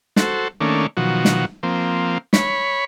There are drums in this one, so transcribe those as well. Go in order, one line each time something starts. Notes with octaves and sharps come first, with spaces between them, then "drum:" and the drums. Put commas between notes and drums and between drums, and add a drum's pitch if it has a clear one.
F#4 A4 C5, drum: snare
D#3 A3 A#3 C#4 D4
B2 D#3 F3 F#3 F#4
drum: snare
F3 A#3 C4
C#5 B5, drum: snare